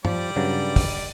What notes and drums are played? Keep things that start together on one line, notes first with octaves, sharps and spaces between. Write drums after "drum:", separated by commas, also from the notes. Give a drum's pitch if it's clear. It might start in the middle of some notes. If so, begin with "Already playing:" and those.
F3 G3 D5, drum: tom G2
G2 C#3 F#3
drum: kick, open hi-hat